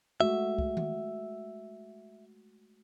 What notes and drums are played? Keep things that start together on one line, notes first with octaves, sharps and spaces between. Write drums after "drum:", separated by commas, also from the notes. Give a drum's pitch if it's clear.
G#3 A3 F#4 E5
drum: kick
drum: tom D#3